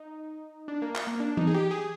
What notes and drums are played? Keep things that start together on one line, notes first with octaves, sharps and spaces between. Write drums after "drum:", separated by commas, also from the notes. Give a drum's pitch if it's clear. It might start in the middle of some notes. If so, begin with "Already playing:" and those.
Already playing: D#4
D4
A#3
drum: clap
A#3
D4
D#4, drum: tom E3
G#4
G4
G#4